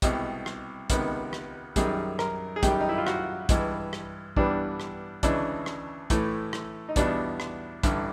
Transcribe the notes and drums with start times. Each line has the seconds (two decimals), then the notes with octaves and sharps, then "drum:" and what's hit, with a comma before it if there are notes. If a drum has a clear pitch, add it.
0.02 C2 B2 G#3 G4, drum: kick, hi-hat
0.46 drum: rim click
0.90 C#2 C3 D#3 G#3 B3, drum: kick, hi-hat
1.33 drum: rim click
1.76 F#2 D#3 G3 G#4, drum: kick, hi-hat
2.19 A#4, drum: rim click
2.56 G#4
2.63 F#2 D#3 G3 G4, drum: kick, hi-hat
2.81 D#4
2.89 E4
2.98 F4
3.07 F#4, drum: rim click
3.49 G2 E3 G#3, drum: kick, hi-hat
3.93 drum: rim click
4.36 G2 E3 G3 B3 D4, drum: kick
4.80 drum: rim click
5.23 D2 C#3 E3 G#3 D4, drum: kick, hi-hat
5.66 drum: rim click
6.10 A2 E3 A3, drum: kick, hi-hat
6.53 drum: rim click
6.89 D#4
6.96 E2 B2 G3 B3 D4, drum: kick, hi-hat
7.40 drum: rim click
7.83 A1 G2 D3, drum: kick, hi-hat